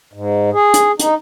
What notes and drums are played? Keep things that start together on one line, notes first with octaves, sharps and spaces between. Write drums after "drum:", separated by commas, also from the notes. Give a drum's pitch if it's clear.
G#2
G#4
drum: hi-hat
D#4, drum: hi-hat